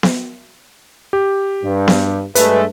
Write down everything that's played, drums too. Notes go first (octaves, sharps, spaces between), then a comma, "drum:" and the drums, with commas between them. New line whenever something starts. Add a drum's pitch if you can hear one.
drum: snare B3
G4
G2
drum: snare B3
G2 G#3 A3 B4, drum: hi-hat